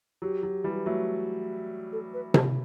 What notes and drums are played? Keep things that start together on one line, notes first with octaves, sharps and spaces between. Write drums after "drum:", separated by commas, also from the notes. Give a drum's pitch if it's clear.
F#3 G4
F#3
E3 G3
F#3 A3
A4
B4
C5, drum: tom C3